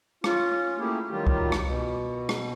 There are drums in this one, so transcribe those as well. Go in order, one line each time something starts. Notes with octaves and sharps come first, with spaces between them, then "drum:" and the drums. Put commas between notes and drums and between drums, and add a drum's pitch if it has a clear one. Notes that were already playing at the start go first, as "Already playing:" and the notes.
C#4 F4, drum: rim click
A3 A#3 C#4 E4 G4 G#4
D#3 F#3 G3 F4 G4
drum: kick C2
drum: rim click
B2
drum: rim click